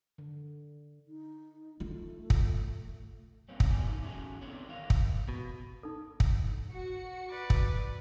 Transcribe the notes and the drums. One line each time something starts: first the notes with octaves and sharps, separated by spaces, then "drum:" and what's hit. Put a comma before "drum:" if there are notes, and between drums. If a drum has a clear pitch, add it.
D3
D#4
A3 F4
drum: kick
G2 A#3 C4 C#4
drum: kick
D#3 B3 F#4 D5 G#5
A3 D#4
E3 A3 C#4 F#4 G#4 G#5
B3 C4 D4 D#4 A4 C#5
D3 D#3 G#3 A#4 F5
drum: kick
B2
D#4 A4
drum: kick
F#4 C#7
B4 D5
drum: kick